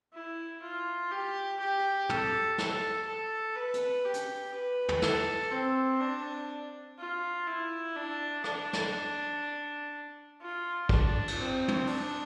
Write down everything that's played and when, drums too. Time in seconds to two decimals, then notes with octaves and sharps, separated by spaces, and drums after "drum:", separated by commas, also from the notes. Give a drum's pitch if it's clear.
0.13 E4
0.62 F4
1.11 G4
1.59 G4
2.09 A4, drum: tom
2.58 A4, drum: snare
3.07 A4
3.55 B4
3.74 drum: hi-hat
4.05 G4
4.14 drum: hi-hat
4.54 B4
4.88 drum: tom
5.02 A4, drum: snare
5.51 C4
6.00 D4
6.98 F4
7.47 E4
7.95 D4
8.44 D4, drum: rim click
8.73 drum: snare
10.41 F4
10.89 D4, drum: kick
11.28 drum: cymbal
11.38 C4
11.68 drum: tom
11.87 D4, drum: open hi-hat